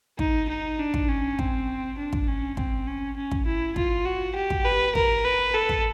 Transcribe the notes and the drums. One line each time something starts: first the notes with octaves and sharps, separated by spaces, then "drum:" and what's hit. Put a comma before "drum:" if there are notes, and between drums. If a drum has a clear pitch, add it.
D#4, drum: kick
D#4
D4
drum: kick
C#4
C4, drum: kick
D4
drum: kick
C#4
C4, drum: kick
C#4
C#4
drum: kick
E4
F4, drum: kick
F#4
G4
drum: kick
B4
A#4, drum: kick
B4
A4
drum: kick